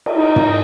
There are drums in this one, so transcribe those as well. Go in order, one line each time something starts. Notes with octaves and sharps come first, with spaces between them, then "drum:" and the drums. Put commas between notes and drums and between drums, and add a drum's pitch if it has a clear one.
drum: cymbal
D#4
drum: tom